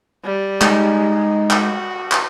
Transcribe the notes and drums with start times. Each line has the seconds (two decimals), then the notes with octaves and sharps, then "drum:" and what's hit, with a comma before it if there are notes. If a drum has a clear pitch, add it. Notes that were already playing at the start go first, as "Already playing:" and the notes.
0.24 G3
0.61 G#3 D#4, drum: clap
1.50 F#4, drum: clap
2.12 drum: clap